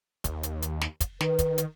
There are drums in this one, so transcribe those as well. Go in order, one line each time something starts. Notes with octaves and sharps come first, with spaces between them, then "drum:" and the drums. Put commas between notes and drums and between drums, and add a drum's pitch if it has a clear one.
D#2, drum: kick, hi-hat
drum: hi-hat
drum: hi-hat
drum: snare
drum: kick, hi-hat
D#3 B4, drum: snare
drum: kick, hi-hat
drum: hi-hat